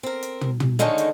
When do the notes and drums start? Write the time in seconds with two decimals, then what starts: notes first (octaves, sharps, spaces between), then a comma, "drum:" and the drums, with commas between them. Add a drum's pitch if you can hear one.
0.03 C4 A#4
0.22 drum: hi-hat
0.41 drum: tom
0.60 drum: tom
0.79 D3 D#3 G#3 A3 C#4 D#4, drum: snare
0.98 drum: hi-hat